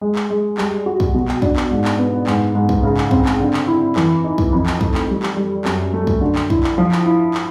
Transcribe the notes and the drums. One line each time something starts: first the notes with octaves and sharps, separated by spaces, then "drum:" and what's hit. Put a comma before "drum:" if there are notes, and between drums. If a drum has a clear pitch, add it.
G#3
drum: clap
G#3
G3, drum: clap
F#4
drum: kick
B2
drum: clap
D4, drum: kick
drum: clap
G#2
drum: clap
B3
G#2, drum: clap
G#2
drum: kick
C#3
drum: clap
C4, drum: kick
drum: clap
D3
drum: clap
E4
E3, drum: clap
D#4
drum: kick
F2
drum: clap
A3, drum: kick
drum: clap
G3
drum: clap
G3
F#2, drum: clap
A3
drum: kick
D3
drum: clap
E4, drum: kick
drum: clap
F3
drum: clap
E4
drum: clap